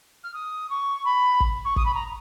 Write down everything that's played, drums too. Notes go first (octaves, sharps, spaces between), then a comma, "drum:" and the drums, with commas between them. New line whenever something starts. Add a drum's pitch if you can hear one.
F6
D#6
C#6
B5
drum: kick
C#6
D#6, drum: kick
B5
A#5